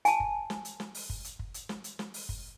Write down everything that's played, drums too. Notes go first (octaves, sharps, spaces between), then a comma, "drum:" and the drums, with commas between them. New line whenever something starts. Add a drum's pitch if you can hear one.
G#5 A5, drum: hi-hat
drum: kick
drum: snare
drum: hi-hat
drum: snare
drum: open hi-hat
drum: kick
drum: hi-hat
drum: kick
drum: hi-hat
drum: snare
drum: hi-hat
drum: snare
drum: open hi-hat
drum: kick